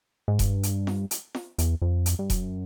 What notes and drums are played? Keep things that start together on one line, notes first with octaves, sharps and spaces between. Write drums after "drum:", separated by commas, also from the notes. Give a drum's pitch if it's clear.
G#2
G2, drum: kick E1, hi-hat
drum: hi-hat
drum: snare
drum: hi-hat
drum: snare
E2, drum: hi-hat
F2
drum: hi-hat
G2
F#2, drum: kick E1, hi-hat